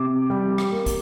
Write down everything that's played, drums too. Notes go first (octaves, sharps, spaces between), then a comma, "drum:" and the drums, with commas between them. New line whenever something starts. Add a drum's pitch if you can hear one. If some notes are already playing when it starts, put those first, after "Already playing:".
Already playing: C3 D6
G3
drum: rim click
A#3
drum: kick, hi-hat